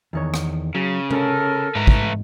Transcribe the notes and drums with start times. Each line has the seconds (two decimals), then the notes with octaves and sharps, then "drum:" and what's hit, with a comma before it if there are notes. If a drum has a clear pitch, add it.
0.13 E2 D#3 C#5
0.34 drum: rim click
0.75 C#3 F#3
1.11 C#4 A4 A#4, drum: tom C3
1.75 G#2 A3 B4 A#5
1.87 drum: kick